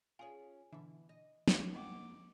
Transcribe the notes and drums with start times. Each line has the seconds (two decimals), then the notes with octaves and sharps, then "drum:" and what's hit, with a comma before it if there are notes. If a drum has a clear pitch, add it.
0.19 C#4 F4 G#4 C#5 G#5
0.72 B2 D3 E3 E5
1.09 D#5
1.48 drum: snare
1.74 F2 A#3 D#5 F#5 G5 D6